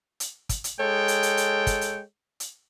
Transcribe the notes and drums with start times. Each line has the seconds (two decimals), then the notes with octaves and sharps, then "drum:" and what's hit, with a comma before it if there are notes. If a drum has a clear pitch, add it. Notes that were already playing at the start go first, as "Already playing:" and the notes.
0.20 drum: hi-hat
0.49 drum: kick, hi-hat
0.64 drum: hi-hat
0.79 G#3 A4 C#5 G5
1.08 drum: hi-hat
1.23 drum: hi-hat
1.37 drum: hi-hat
1.67 drum: kick, hi-hat
1.81 drum: hi-hat
2.40 drum: hi-hat